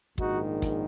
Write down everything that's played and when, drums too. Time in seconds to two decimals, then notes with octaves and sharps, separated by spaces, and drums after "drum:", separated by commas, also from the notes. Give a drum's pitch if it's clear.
0.18 A#1 G#2 D#3 D#4 F#4, drum: kick
0.62 drum: kick, hi-hat